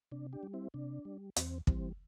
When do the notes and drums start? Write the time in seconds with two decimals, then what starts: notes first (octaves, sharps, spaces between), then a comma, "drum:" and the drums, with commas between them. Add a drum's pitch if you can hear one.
0.12 C3 D4
0.33 D4 G4
0.43 G3
0.54 C4 E4
0.74 C3 D4
1.05 G3
1.36 E2 C4, drum: hi-hat
1.67 E3 G3 C4, drum: kick